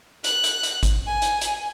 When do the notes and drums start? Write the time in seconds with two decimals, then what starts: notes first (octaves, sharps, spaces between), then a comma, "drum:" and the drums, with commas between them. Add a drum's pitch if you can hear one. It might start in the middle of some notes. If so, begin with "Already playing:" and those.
0.24 F#6, drum: hi-hat
0.44 drum: hi-hat
0.63 drum: hi-hat
0.83 drum: kick G#1, hi-hat
1.07 G#5
1.22 drum: hi-hat
1.41 drum: hi-hat